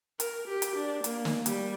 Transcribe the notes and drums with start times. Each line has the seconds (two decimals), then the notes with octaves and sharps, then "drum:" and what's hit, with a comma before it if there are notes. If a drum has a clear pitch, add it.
0.20 A#4, drum: hi-hat
0.48 G4
0.62 drum: hi-hat
0.76 D4
1.04 A#3, drum: hi-hat
1.25 drum: snare
1.46 G3, drum: hi-hat